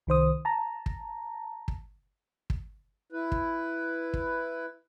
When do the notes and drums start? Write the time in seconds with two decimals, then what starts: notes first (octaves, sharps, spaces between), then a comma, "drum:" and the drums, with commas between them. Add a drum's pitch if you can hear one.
0.07 C2 D#3 C5 D#6
0.45 A5 A#5
0.86 drum: kick
1.68 drum: kick
2.50 drum: kick
3.12 E4 B4
3.32 drum: kick
4.14 drum: kick